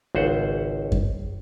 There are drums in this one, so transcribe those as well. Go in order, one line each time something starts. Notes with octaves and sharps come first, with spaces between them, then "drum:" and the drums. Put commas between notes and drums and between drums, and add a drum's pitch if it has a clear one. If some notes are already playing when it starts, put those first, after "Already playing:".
G#1 C#2 C5 F#5
drum: kick F#2